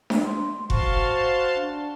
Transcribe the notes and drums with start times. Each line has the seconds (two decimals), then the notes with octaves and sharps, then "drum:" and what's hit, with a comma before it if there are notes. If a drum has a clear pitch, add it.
0.10 drum: snare D4
0.24 C6
0.70 F#4 C5 F5 A5 C6, drum: kick F1
1.55 D4